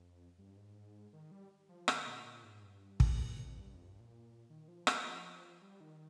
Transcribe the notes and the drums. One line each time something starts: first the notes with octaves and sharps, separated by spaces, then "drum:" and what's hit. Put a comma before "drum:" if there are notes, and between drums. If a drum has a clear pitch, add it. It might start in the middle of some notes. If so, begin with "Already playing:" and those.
Already playing: F2
G2
G#2
D#3
G3
F3
D3, drum: rim click
A#2
A#2
G#2
G2
drum: kick
F2
G2
F2
G2
A#2
D#3
F3
drum: rim click
G3
D#3